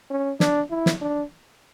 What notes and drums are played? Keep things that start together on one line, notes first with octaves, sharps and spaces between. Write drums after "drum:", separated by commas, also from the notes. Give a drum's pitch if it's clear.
C#4
D4, drum: snare
E4
drum: snare
D4